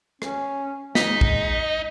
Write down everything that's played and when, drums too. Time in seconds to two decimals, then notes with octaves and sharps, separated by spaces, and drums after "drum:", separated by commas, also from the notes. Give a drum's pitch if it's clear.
0.22 C#4, drum: rim click
0.95 G#3 D#4 B6, drum: snare
1.21 drum: kick